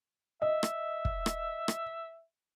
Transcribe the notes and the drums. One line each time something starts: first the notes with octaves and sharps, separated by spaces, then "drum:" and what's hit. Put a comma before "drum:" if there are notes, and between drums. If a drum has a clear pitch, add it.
D#5 E5
drum: rim click
drum: kick
drum: rim click
drum: rim click